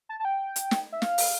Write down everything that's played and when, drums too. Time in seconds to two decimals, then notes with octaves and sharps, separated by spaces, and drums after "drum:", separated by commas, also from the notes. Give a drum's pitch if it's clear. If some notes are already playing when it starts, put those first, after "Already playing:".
0.09 A5
0.20 A5
0.25 G5
0.56 drum: hi-hat
0.71 drum: snare
0.92 E5
1.02 F5, drum: snare
1.18 drum: open hi-hat